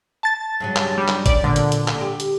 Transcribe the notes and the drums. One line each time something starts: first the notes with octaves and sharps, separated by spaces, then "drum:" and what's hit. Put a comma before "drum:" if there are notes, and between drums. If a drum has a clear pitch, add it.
A5 A6
G2 C#3 F#3
drum: clap
G3
drum: clap
C#4 D4 D5, drum: kick G#1, hi-hat
A#2 D3 B3
drum: hi-hat
drum: hi-hat
drum: clap
G4
drum: hi-hat